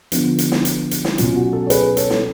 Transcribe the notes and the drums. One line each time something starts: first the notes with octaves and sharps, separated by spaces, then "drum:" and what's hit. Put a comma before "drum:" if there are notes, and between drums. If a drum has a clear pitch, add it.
D3 F3 B3, drum: hi-hat
drum: hi-hat
drum: snare
drum: hi-hat
drum: hi-hat
drum: snare
B2 F#3 C#4 F4, drum: hi-hat
F#4
F#4 A4
C#5
G#4 B4, drum: hi-hat
A4 C#5, drum: hi-hat
drum: snare